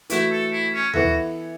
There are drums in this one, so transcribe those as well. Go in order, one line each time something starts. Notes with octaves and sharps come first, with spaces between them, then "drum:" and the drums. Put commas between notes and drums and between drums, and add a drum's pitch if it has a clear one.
E3 A3 E4 F#4, drum: hi-hat
A4
E4
C#4
E3 B3 E4 F#4 A4, drum: tom D#2